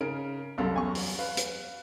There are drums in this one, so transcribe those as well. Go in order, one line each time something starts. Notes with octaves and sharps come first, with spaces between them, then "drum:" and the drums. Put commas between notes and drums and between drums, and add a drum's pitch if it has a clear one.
C#3 A#4 D7
C2 F#2 C#3 A4 F5
E2 G#5 C#6
drum: open hi-hat
B4 F5
drum: hi-hat